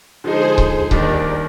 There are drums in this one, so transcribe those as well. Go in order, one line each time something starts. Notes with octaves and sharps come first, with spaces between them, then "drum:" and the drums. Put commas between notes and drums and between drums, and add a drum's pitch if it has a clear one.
D3 F3 G#3 D#4 G#4 C5
drum: kick C#1
D#2 D#3 G3 D4 A#4 D5, drum: kick C#1